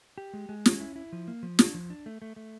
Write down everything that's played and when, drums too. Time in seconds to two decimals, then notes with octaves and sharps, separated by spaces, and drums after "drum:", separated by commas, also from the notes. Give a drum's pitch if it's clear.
0.18 G4
0.34 G#3
0.49 G#3
0.66 C#4, drum: snare
0.80 E4
0.96 E4
1.12 F3
1.28 A#3
1.43 F3
1.59 D4, drum: snare
1.74 F3
1.90 D4
2.06 A3
2.22 A3
2.36 A3